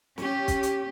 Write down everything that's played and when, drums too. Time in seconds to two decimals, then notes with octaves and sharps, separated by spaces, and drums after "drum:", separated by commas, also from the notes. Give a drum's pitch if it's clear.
0.18 C#4 G4, drum: snare
0.48 drum: kick, hi-hat
0.63 drum: hi-hat